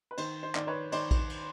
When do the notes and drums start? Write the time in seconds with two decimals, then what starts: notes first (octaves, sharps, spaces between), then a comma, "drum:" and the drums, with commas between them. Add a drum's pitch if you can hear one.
0.11 B4
0.18 D#3 C5, drum: cymbal
0.43 C5
0.55 D#3 D5, drum: clap
0.67 B4 C#5
0.92 D#3 C5 D5, drum: cymbal
1.11 drum: kick A#1, cymbal
1.29 drum: cymbal